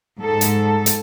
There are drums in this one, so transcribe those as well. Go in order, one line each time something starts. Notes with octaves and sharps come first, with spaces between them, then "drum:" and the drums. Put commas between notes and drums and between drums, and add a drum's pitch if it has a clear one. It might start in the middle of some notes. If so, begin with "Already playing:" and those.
G#2 A4
drum: hi-hat
drum: hi-hat